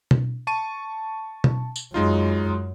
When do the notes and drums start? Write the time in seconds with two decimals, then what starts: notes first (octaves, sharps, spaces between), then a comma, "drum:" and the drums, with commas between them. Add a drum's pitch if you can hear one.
0.11 drum: tom B2
0.47 A5 C#6 D#7
1.44 drum: tom B2
1.76 drum: tambourine
1.94 F#2 G#3 D#4 F4